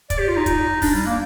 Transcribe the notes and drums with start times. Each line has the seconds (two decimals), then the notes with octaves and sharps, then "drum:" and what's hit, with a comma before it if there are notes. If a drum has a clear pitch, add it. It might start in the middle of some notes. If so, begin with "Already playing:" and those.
0.10 D5, drum: kick, hi-hat
0.19 G4
0.28 F4
0.37 D#4
0.46 drum: kick, hi-hat
0.82 D4, drum: kick, open hi-hat
0.94 G3
1.06 A#3